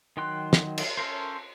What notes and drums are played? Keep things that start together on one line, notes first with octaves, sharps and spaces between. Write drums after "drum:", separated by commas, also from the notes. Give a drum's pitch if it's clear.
D#3 F#3 G5 C6 F#6
drum: snare
drum: cymbal
C#4 A4 A#4 C5